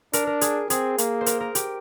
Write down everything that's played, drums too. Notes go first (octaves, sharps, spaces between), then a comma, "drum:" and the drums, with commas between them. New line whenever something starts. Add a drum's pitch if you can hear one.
D4 A#4, drum: hi-hat
A#4
G#4, drum: hi-hat
C4 G#4, drum: hi-hat
A#3, drum: hi-hat
C5
A#4, drum: hi-hat
A#4
G4, drum: hi-hat